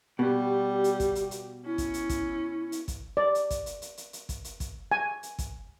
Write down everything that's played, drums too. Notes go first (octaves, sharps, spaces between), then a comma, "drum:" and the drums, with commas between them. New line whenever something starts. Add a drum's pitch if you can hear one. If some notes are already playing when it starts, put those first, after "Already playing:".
B2 G3 G4
drum: hi-hat
drum: kick, hi-hat
drum: hi-hat
drum: hi-hat
C#4 E4
drum: kick, hi-hat
drum: hi-hat
drum: kick, hi-hat
drum: hi-hat
drum: kick, hi-hat
D5
drum: hi-hat
drum: kick, hi-hat
drum: hi-hat
drum: hi-hat
drum: hi-hat
drum: hi-hat
drum: kick, hi-hat
drum: hi-hat
drum: kick, hi-hat
G#5
drum: hi-hat
drum: kick, hi-hat